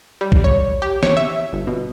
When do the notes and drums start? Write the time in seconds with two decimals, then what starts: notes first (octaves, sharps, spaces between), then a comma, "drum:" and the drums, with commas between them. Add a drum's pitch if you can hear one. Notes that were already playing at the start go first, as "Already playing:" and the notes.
0.21 G3
0.32 drum: kick
0.44 C#5
0.82 G4
1.03 C#5, drum: snare
1.17 E5
1.53 G1
1.67 B2